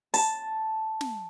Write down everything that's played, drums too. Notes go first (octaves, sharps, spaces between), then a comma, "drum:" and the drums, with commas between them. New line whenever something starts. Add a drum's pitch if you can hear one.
A5, drum: open hi-hat
drum: snare